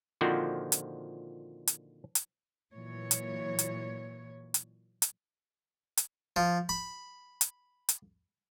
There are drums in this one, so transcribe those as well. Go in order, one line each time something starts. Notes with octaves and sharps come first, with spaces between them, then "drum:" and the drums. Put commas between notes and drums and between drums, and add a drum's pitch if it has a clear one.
A#2 D3 D#3 F3 C4 F#4
drum: hi-hat
drum: hi-hat
drum: hi-hat
A#2 E3 F#3 C#5
drum: hi-hat
drum: hi-hat
drum: hi-hat
drum: hi-hat
drum: hi-hat
F3
B5
drum: hi-hat
drum: hi-hat